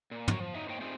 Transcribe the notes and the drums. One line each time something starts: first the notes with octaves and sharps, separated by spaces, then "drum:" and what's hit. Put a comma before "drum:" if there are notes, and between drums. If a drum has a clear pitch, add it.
A#2
F#4 A#4 C#5, drum: tom
F3
F#3 D#4 D#5 E5
A#3 D#4 C5 C#5 D#5 G5
A3 C4 D4 D#4 F4 G#4